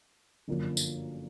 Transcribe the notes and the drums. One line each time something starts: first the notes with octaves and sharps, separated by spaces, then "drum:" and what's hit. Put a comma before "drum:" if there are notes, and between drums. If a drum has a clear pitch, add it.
G1 F#2 D3 F3 A#3
drum: tambourine